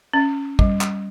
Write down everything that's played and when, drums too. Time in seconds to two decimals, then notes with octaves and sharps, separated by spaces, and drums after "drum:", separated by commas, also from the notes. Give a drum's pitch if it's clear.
0.13 C#4
0.59 G3, drum: kick
0.81 drum: clap